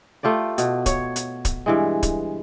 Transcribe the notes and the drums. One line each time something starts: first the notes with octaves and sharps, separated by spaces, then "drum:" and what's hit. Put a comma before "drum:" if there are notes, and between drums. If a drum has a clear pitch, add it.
A3 F4 G4 D5
B2, drum: hi-hat
C#5, drum: kick, hi-hat
drum: hi-hat
drum: kick, hi-hat
G2 E3 G#3
drum: kick, hi-hat